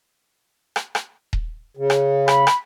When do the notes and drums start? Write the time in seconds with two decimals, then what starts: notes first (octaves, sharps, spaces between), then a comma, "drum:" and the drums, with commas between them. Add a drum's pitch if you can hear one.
0.76 drum: rim click
0.95 drum: rim click
1.33 drum: kick D#1
1.77 C#3
1.90 drum: rim click
2.28 B5, drum: rim click
2.47 drum: rim click